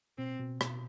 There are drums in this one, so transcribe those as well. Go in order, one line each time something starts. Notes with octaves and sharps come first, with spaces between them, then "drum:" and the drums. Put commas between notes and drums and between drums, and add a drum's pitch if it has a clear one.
B2 C4
B2
B2, drum: rim click